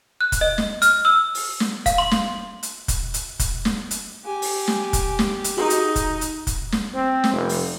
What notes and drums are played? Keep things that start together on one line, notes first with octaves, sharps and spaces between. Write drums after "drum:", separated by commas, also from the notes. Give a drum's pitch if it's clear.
F#6
drum: kick, hi-hat
D#5
drum: snare
F6, drum: hi-hat
E6
drum: open hi-hat
drum: snare
F5, drum: kick, hi-hat
C6
drum: snare
drum: hi-hat
drum: kick, hi-hat
drum: hi-hat
drum: kick, hi-hat
drum: snare
drum: hi-hat
G4 G#5
drum: open hi-hat
drum: snare
drum: kick, hi-hat
drum: snare
drum: hi-hat
D#4 F#4 G#4
drum: hi-hat
drum: kick, hi-hat
drum: hi-hat
drum: kick, hi-hat
drum: snare
C4
drum: snare
F1
drum: open hi-hat